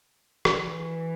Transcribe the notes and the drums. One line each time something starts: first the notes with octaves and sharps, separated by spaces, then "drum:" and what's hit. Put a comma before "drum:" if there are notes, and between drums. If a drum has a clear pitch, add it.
drum: rim click
E3